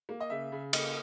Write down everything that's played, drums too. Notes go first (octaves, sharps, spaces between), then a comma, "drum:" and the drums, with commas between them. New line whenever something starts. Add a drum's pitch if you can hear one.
A#3
D#5
C#3 E5
C#3
A#3 D#5, drum: cymbal